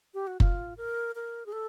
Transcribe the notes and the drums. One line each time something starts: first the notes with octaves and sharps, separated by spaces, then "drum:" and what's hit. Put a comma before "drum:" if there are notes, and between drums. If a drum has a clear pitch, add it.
G4
F#4
F4, drum: kick F#1
A#4
A#4
G#4
A4